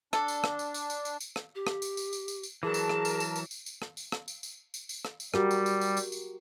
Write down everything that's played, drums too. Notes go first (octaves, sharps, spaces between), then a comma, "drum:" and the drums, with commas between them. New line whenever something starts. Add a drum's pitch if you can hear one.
D4 A4, drum: rim click
drum: tambourine
drum: rim click
drum: tambourine
drum: tambourine
drum: tambourine
drum: tambourine
drum: tambourine
drum: rim click
G4
drum: rim click
drum: tambourine
drum: tambourine
drum: tambourine
drum: tambourine
drum: tambourine
E3 F#3 G#4 A#4 A5
drum: tambourine
drum: rim click
drum: tambourine
drum: tambourine
drum: tambourine
drum: tambourine
drum: tambourine
drum: rim click
drum: tambourine
drum: rim click
drum: tambourine
drum: tambourine
drum: tambourine
drum: tambourine
drum: rim click
drum: tambourine
G3 F#4 G4 A#4, drum: rim click
drum: tambourine
drum: tambourine
drum: tambourine
drum: tambourine
drum: tambourine